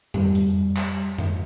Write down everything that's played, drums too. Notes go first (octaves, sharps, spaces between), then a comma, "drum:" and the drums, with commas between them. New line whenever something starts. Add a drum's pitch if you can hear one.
G3, drum: tom F2
drum: hi-hat
drum: clap
drum: tom F2